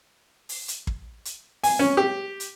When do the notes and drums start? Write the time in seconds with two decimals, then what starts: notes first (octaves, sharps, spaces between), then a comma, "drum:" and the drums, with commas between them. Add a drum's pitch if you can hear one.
0.49 drum: open hi-hat
0.68 drum: hi-hat
0.87 drum: kick
1.25 drum: hi-hat
1.64 G#5, drum: open hi-hat
1.79 C#4
1.97 G4
2.40 drum: hi-hat